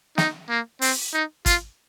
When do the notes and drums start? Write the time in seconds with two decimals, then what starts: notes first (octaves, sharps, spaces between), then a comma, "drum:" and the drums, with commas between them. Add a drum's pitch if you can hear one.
0.18 D#4, drum: snare
0.50 A#3
0.81 C4, drum: open hi-hat
1.13 D#4
1.46 F4, drum: kick, hi-hat